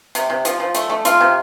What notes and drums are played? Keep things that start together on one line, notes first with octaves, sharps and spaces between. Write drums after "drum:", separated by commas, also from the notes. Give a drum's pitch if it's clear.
C3, drum: hi-hat
C3
F3, drum: hi-hat
F3
A3, drum: hi-hat
A3
F4, drum: hi-hat
C3